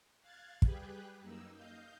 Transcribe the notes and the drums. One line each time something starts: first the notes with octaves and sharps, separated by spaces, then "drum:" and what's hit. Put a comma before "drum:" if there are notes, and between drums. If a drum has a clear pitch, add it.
F5 F#6 G#6 A6
G3 G4 G#4 B4 G5 F#6, drum: kick
F#2 A#3 D#4 E6
D#5 F5 G6